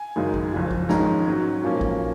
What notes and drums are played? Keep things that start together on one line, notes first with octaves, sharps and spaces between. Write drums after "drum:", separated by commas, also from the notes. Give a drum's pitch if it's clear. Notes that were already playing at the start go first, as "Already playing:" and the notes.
Already playing: G#5
F#1 F#2 D#3 G#3
drum: kick A1
F#1 F2 F3
drum: kick A1
A#1 G#2 D#3 G#3 C#4 A#5, drum: snare
G#2 F#3 C#4
B1 A#2 F3 A#3 C#4
drum: kick A1